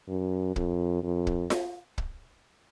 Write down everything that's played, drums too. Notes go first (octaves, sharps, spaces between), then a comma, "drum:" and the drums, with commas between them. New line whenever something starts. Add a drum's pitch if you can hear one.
F#2
F2, drum: kick
F2
drum: kick
drum: snare F4
drum: kick